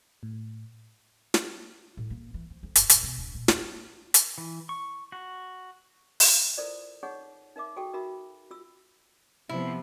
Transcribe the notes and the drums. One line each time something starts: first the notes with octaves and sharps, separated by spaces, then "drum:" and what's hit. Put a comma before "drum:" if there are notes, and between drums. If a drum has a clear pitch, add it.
A2
drum: snare
A2
A#3
E3
F3
F2
F#1, drum: hi-hat
D#1, drum: hi-hat
B2
D1
A#2
E2, drum: snare
drum: hi-hat
E3
C#6
F#4
drum: open hi-hat
E4 F4 A4 A#4 C5 D5
D#4 G#4 C#5 F#5 C#6
D#4 A#4 E5 D6
F#4 G#4 A4 G5 C#6
D#4 F#4 A#4 E5 B5
F4 E6
C3 F3 B3 E4